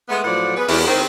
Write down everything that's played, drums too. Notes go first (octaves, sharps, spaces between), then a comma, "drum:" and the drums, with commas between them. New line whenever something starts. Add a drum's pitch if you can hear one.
G#3 A3 B3
A2 F3 F#3 D5 F#5
B3 G#4 B4
E2, drum: open hi-hat
D#3 C4